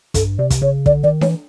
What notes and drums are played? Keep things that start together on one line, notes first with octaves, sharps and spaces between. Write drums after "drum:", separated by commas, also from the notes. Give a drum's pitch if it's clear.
G2 A4, drum: kick, hi-hat
C3 D5
drum: kick, hi-hat
C#3 C#5
D3 D5, drum: kick
D#3 D5
E3 C#5, drum: snare D4